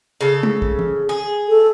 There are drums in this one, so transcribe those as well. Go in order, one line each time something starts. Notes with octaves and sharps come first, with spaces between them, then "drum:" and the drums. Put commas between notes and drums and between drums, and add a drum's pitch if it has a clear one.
C#3 A4
drum: tom G#3
drum: kick
drum: tom E3
G#4
A4